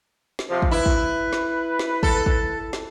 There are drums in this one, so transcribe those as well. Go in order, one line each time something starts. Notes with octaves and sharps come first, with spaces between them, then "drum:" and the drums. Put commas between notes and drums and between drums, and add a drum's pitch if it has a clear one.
drum: snare
C3 F3
drum: kick
E4 B4
drum: kick
drum: snare
drum: snare
A4, drum: kick
drum: kick
drum: snare